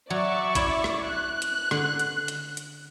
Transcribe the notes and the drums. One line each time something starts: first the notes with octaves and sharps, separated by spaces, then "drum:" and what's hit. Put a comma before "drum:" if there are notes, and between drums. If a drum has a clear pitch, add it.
F#3 D5 E5 C#6
E4 C#5, drum: kick A1, hi-hat
drum: rim click
F#6
drum: hi-hat
D3, drum: rim click
drum: hi-hat
drum: hi-hat
drum: hi-hat